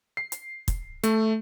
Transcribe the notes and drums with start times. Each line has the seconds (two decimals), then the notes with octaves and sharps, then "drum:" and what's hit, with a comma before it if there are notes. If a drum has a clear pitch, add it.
0.17 C7
0.32 drum: hi-hat
0.68 drum: kick, hi-hat
1.04 A3, drum: hi-hat